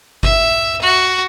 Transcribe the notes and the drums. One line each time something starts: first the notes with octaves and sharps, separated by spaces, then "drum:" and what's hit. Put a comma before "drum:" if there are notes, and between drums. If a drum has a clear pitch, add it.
E5, drum: kick G1
F#4